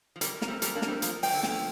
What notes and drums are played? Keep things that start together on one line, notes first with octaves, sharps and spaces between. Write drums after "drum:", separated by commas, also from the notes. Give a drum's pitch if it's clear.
F3
D3 G3 A#4, drum: hi-hat
A#4, drum: snare
G3 C4
G3 C4 A#4, drum: hi-hat
A#3 D4
A#4, drum: snare
G3 C4
F3 A#3 A#4, drum: hi-hat
F3 G5, drum: open hi-hat
D3
F3 G5, drum: snare